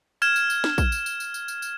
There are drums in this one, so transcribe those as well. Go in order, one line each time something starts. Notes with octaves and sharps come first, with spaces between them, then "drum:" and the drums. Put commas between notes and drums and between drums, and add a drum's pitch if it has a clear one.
F6 G#6 E7, drum: tambourine
drum: tambourine
drum: tambourine
drum: snare
drum: kick A#1, tambourine
drum: tambourine
drum: tambourine
drum: tambourine
drum: tambourine
drum: tambourine
drum: tambourine